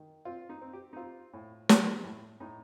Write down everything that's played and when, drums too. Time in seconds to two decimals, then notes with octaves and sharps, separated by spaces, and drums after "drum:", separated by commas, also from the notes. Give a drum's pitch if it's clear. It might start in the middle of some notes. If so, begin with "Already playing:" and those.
Already playing: D#3
0.25 C4 F4
0.49 D#4
0.62 C4
0.73 G4
0.93 D#4
0.97 C4 F4
1.33 A2
1.69 D4, drum: snare
2.04 A2
2.40 A2 D#4